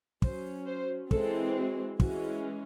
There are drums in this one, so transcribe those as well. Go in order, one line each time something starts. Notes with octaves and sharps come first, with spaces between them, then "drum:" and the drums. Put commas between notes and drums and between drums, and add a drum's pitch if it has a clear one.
F#3 C#4 C5, drum: kick
C5
E3 G#3 C4 A4, drum: kick
F#4
E3 G#3 C#4 F#4, drum: kick